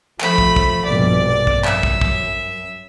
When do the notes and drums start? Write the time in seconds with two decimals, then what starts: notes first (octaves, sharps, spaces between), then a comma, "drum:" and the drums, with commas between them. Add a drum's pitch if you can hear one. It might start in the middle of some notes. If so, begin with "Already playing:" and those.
0.20 F3 A3 B5, drum: clap
0.38 drum: kick
0.56 drum: kick
0.85 A#1 G2 B2 D5
1.47 drum: kick
1.64 F#2 E5, drum: clap
1.83 drum: kick
2.01 drum: kick